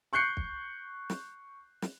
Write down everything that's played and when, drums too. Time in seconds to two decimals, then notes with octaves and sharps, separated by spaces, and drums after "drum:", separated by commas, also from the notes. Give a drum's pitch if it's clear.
0.13 C#6 F#6 G6 C7 C#7
0.37 drum: kick
1.10 drum: snare
1.82 drum: snare